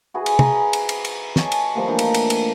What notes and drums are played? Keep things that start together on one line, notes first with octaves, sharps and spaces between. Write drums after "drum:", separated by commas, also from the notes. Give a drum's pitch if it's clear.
E4 F#4 G#4 B4
drum: cymbal
B4 G#5 A#5, drum: tom
drum: cymbal
drum: cymbal
drum: cymbal
C#5 D#5 G#5 A5, drum: snare
drum: cymbal
F3 G3 A3 A#3
E3 D4 D#4 F4
drum: cymbal
drum: cymbal
drum: cymbal